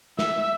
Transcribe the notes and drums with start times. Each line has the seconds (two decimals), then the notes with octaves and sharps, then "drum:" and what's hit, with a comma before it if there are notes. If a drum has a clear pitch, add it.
0.19 E5, drum: snare